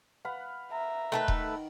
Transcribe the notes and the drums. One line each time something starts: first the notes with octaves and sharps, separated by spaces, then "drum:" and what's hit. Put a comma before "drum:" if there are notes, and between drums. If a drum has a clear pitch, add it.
B4 F5 F#5
E5 A#5
D#3 A3 A4 B4
drum: kick D#1